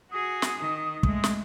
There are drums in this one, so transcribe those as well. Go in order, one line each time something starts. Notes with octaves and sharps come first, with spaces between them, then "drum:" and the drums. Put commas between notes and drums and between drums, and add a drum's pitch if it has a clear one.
F#4 G#4 D#6
drum: snare
D#3
G#3 A3, drum: kick
drum: snare